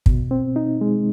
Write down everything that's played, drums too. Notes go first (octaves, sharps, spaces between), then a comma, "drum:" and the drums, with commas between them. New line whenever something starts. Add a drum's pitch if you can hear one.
B2, drum: kick
C4
D#4
G#3